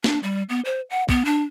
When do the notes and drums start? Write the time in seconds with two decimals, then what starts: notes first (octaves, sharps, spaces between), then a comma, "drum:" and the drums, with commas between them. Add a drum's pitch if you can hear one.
0.04 D4, drum: snare
0.23 G3
0.49 B3
0.65 C5
0.90 F#5
1.09 B3, drum: kick
1.25 D4